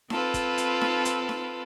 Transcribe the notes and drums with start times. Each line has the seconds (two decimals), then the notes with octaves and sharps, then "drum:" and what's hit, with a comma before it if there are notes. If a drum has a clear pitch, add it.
0.10 C4 F4 A4 B4, drum: snare D#4
0.34 drum: kick, hi-hat
0.58 drum: hi-hat
0.81 drum: snare D#4
1.05 drum: hi-hat
1.29 drum: snare D#4